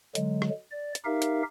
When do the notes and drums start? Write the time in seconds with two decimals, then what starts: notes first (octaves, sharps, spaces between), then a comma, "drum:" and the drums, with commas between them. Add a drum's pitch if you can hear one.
0.15 D3 F#3 G#3, drum: hi-hat
0.42 drum: rim click
0.72 D5
0.95 drum: hi-hat
1.05 D#4 G4 A#4 E5 F5
1.22 drum: hi-hat